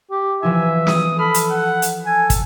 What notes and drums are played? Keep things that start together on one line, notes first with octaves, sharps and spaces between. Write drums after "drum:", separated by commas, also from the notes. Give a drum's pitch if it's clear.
G4
E3 F3 E4 E5 G#5
D#6, drum: snare
A4 B5 F6
drum: hi-hat
F#5
drum: hi-hat
A4 G#5
drum: kick, hi-hat